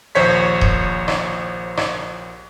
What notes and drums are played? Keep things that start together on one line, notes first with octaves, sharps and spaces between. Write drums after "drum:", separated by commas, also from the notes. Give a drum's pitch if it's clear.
A#1 D#2 C5 C#5 B6
drum: kick D#1
drum: rim click
drum: rim click